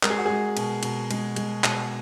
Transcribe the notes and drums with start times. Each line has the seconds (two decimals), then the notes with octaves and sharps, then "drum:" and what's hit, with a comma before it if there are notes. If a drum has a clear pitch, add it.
0.03 G#3 A#4, drum: clap
0.10 G#4
0.18 F#4
0.26 G#3 G#4
0.57 B2, drum: cymbal
0.83 B2, drum: cymbal
1.11 G#3, drum: cymbal
1.36 G#3, drum: cymbal
1.64 B2, drum: clap